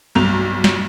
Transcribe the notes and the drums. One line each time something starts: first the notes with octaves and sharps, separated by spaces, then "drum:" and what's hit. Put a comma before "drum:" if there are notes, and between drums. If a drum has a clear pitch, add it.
B1 G2 F7
drum: snare